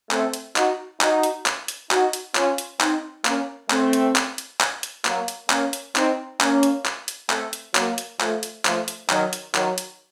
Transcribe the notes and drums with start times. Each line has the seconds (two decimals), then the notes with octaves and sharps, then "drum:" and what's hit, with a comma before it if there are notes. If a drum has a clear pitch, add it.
0.11 A3 C4, drum: clap
0.34 drum: hi-hat
0.56 D#4 F#4, drum: clap
1.01 D#4 F#4, drum: clap
1.23 drum: hi-hat
1.46 drum: clap
1.68 drum: hi-hat
1.91 D#4 F#4, drum: clap
2.13 drum: hi-hat
2.35 C#4 F4, drum: clap
2.58 drum: hi-hat
2.81 C4 D#4, drum: clap
3.25 A#3 C#4, drum: clap
3.70 A3 C4, drum: clap
3.93 drum: hi-hat
4.16 drum: clap
4.38 drum: hi-hat
4.61 drum: clap
4.83 drum: hi-hat
5.05 F#3 A#3, drum: clap
5.28 drum: hi-hat
5.50 A#3 C#4, drum: clap
5.73 drum: hi-hat
5.96 C4 D#4, drum: clap
6.41 A#3 C#4, drum: clap
6.63 drum: hi-hat
6.85 drum: clap
7.08 drum: hi-hat
7.30 A3 C4, drum: clap
7.53 drum: hi-hat
7.75 F#3 A#3, drum: clap
7.98 drum: hi-hat
8.21 F3 A3, drum: clap
8.43 drum: hi-hat
8.65 F3 A3, drum: clap
8.88 drum: hi-hat
9.10 D#3 F#3, drum: clap
9.33 drum: hi-hat
9.55 D#3 F#3, drum: clap
9.78 drum: hi-hat